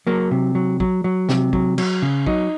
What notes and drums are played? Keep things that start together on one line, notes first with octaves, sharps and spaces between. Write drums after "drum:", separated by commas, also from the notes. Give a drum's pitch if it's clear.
F#3 A#3
C3
F#3
F#3, drum: kick
F#3
C3, drum: snare
F#3, drum: kick
F#3, drum: cymbal
C#3
F#3 D#4, drum: kick